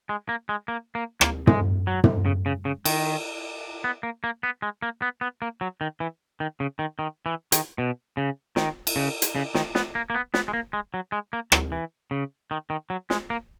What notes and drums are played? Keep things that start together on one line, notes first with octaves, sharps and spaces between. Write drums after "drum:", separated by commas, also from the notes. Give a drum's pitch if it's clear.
G#3
A#3
G#3
A#3
A#3
A#3, drum: rim click
G#3, drum: tom
F#3
drum: tom
C#3
C#3
C#3
D#3, drum: cymbal
B3
A#3
A#3
B3
G#3
A#3
B3
B3
A#3
F#3
D#3
E3
D#3
C#3
D#3
D#3
E3
D#3, drum: hi-hat
B2
C#3
D#3, drum: snare
drum: cymbal
C#3
drum: hi-hat
C#3
D#3, drum: snare
B3, drum: snare
A#3
A#3
B3
B3, drum: snare
G#3
A#3
G#3
F#3
G#3
A#3
F#3, drum: rim click
E3
C#3
D#3
D#3
F#3
G#3, drum: snare
A#3